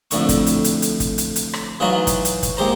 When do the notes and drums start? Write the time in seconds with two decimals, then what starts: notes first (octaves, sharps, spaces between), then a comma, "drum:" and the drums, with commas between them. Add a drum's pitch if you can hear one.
0.11 F2 A2 D3 C#6, drum: hi-hat
0.29 drum: kick, hi-hat
0.47 drum: hi-hat
0.64 drum: hi-hat
0.82 drum: hi-hat
1.00 drum: kick, hi-hat
1.18 drum: hi-hat
1.36 drum: hi-hat
1.53 drum: rim click
1.80 E3 F#3 D#4 F4 F#4 C#5
2.07 drum: kick, hi-hat
2.25 drum: hi-hat
2.43 drum: kick, hi-hat
2.57 D#2 G#3 G4 C5 A#5